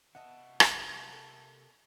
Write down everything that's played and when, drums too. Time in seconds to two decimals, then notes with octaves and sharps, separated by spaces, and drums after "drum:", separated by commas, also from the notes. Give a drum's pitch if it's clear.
0.15 C3 B3 D#5 E5 F#5 A5
0.60 drum: rim click
0.77 A3 C4
1.12 A#3 A4